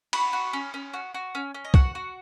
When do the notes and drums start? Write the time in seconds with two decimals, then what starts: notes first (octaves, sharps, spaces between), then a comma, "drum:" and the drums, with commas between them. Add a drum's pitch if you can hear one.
0.13 F#4 B5, drum: cymbal
0.33 F#4
0.53 C#4
0.74 C#4
0.93 F#4
1.14 F#4
1.35 C#4
1.54 C#4
1.65 D#5
1.74 F#4 F#5, drum: kick C2
1.95 F#4